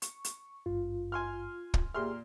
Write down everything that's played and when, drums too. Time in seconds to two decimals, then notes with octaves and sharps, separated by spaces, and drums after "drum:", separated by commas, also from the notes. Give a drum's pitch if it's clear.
0.02 C#6, drum: hi-hat
0.25 drum: hi-hat
0.66 G#1 G2 F4
1.12 G#5 C6 F6
1.74 drum: kick
1.95 A#2 G4 G#4 E5 C6 F6